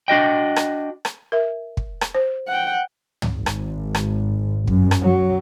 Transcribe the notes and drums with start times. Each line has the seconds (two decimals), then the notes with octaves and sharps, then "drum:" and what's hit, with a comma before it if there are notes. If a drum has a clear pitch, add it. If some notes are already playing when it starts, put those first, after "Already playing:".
0.08 D4 F#4 D#5 G5
0.56 drum: rim click
1.05 drum: rim click
1.32 A#4 E5
1.77 drum: kick
2.01 drum: rim click
2.15 C5
2.48 F#5 G5
3.22 drum: tom
3.35 G#1
3.46 drum: rim click
3.95 drum: rim click
4.67 F#2, drum: kick
4.91 drum: rim click
5.02 F#3